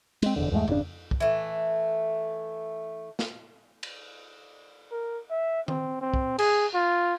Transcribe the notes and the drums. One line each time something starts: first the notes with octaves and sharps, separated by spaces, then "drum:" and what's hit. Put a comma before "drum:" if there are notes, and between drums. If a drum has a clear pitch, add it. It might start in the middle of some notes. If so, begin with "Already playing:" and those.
G#3 C4, drum: cymbal
F1 A#1 E2 D3
E2 G#2 G#3 A3
G#1 C#3 C#4 D4, drum: tom F2
drum: kick
E3 A3
drum: snare
drum: cymbal
A#4
E5
C4, drum: tom D#3
C4
drum: kick
G#4, drum: cymbal
F4